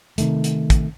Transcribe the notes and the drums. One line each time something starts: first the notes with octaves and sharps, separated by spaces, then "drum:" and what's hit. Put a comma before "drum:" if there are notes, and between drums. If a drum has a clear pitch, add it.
C3 D#3 A3, drum: hi-hat
drum: hi-hat
drum: kick, hi-hat